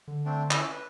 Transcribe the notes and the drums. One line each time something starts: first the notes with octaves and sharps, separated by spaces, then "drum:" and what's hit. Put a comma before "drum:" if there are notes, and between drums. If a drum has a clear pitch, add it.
D3
A3 C4 D4
C#4 E4, drum: clap
B4